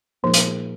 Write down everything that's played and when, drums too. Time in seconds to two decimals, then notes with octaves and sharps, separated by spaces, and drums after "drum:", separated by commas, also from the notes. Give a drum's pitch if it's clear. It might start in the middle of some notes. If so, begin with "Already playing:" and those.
0.23 A#2 F3 G#3 D#4 A#4
0.34 drum: hi-hat